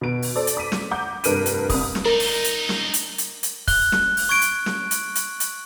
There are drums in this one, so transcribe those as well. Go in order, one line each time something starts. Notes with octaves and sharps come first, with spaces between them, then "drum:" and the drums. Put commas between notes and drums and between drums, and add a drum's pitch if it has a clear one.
B2 D7
drum: open hi-hat
A4 C5 D5
drum: hi-hat
D6 B6 D#7
drum: snare
F#5 A#5 D6 G6
F1 G2 A#4 B4 D7 D#7, drum: hi-hat
drum: hi-hat
C2 B5 D#6, drum: kick, open hi-hat
drum: snare
D4 D#4 A#4
drum: open hi-hat
drum: hi-hat
drum: snare
drum: hi-hat
drum: hi-hat
drum: hi-hat
F#6 G7, drum: kick, open hi-hat
drum: snare
drum: open hi-hat
C#6 G#6 D7
drum: hi-hat
drum: snare
drum: hi-hat
drum: hi-hat
drum: hi-hat